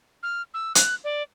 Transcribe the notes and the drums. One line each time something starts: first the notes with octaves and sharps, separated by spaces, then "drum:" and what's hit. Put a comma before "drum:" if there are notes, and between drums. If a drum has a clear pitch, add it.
F6
E6
F#6, drum: hi-hat
D5